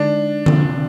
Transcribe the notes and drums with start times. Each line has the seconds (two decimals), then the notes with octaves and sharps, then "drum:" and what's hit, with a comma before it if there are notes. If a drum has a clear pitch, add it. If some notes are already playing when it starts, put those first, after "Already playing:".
Already playing: D3 G#3 D4 D#4
0.46 C3 F3 C4 F4, drum: tom D3